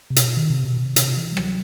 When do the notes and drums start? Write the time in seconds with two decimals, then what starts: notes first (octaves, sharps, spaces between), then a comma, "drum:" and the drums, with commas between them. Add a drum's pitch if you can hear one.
0.10 C3
0.16 B2, drum: hi-hat
0.37 D#3
0.51 C3
0.64 B2
0.78 C3
0.96 C3, drum: hi-hat
1.17 E3
1.32 G3
1.37 F#3, drum: rim click